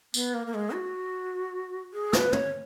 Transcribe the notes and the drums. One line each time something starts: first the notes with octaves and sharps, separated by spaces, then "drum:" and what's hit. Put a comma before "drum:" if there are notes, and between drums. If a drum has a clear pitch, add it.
B3, drum: tambourine
A#3
A#3
G#3
F#4
G#4
B4, drum: snare
C#5, drum: tom